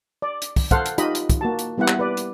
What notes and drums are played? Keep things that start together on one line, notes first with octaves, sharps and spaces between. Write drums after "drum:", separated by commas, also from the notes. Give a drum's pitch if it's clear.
D5
drum: hi-hat
drum: kick, open hi-hat
A4 C5 F5 F#5, drum: kick, hi-hat
drum: hi-hat
D#4 F4 G4 D#5 B5, drum: hi-hat
drum: hi-hat
drum: kick, hi-hat
A#3 F#4 A5
drum: hi-hat
G3 B3 E4 G4 F#5
drum: clap
B4 D5
drum: hi-hat